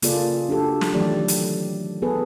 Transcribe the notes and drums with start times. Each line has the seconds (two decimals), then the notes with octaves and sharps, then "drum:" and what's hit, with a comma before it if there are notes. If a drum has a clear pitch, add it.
0.02 C#3 A#3 F4 G#4 A4 D5, drum: hi-hat
0.49 D4 F#4 G4 A4
0.81 drum: snare
0.93 D#3 E3 F#3 A3 G4 D5
1.28 drum: hi-hat
2.02 B3 G#4 A4 B4